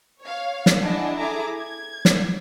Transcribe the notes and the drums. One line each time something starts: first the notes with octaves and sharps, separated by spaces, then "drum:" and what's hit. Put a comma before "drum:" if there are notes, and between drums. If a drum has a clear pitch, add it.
C#5 F5
drum: snare
D4 E4 G#4 D#5 F#5 A5
E4 G#4 A4 E5 A#5 D6
G#6
drum: snare